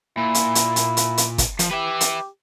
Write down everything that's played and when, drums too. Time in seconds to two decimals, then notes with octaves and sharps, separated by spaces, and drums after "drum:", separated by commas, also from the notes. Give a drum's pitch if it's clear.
0.17 A#2 E4
0.34 drum: hi-hat
0.55 drum: hi-hat
0.76 drum: hi-hat
0.97 drum: hi-hat
1.18 drum: hi-hat
1.38 drum: kick, hi-hat
1.59 F3, drum: hi-hat
1.71 G4 B4 E5
2.01 drum: hi-hat